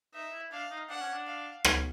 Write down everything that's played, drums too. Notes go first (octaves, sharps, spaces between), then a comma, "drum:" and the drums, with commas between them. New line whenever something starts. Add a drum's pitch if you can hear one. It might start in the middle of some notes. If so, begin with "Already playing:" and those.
D#4 E5
E4
D4 F5
D#4
D4 F#5
C#4
D4
F5
C#4, drum: rim click